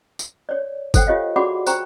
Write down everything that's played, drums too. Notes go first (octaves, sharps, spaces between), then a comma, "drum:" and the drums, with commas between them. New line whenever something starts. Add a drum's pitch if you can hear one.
drum: tambourine
C#5 D5
A4 C5 F#5 G5, drum: kick, tambourine
F4 G4 C#5 D#5 F5
F#4 G#4 D5 F#5 B5 D6
C5 G5 A#5 C#6, drum: tambourine